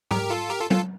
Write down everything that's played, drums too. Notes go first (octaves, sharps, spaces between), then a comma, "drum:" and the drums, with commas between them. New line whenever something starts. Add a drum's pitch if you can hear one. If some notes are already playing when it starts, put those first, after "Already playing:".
G4 A#4, drum: tom G#2
F4 A4
G4 A#4
F4 A4
F4 A4, drum: tom